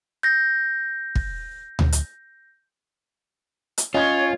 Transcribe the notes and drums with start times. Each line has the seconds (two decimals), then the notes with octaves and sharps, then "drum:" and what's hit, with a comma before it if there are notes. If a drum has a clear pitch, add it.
0.23 G6 A#6
1.15 drum: kick
1.79 drum: tom D2
1.92 drum: hi-hat
3.78 drum: hi-hat
3.94 C#4 F4 C#5 D#5 G#6